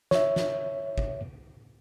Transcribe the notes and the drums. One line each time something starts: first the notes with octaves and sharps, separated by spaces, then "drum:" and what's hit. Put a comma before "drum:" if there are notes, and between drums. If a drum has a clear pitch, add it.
C#5 E5, drum: snare
drum: snare
drum: kick